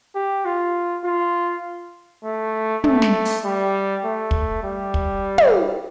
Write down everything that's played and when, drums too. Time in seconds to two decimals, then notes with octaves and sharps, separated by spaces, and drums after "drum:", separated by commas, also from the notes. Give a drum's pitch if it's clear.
0.15 G4
0.45 F4
1.04 F4
2.24 A3
2.84 A3, drum: tom
3.02 drum: snare
3.25 drum: open hi-hat
3.44 G3
4.04 A3
4.31 drum: kick
4.63 G3
4.94 drum: kick
5.38 drum: tom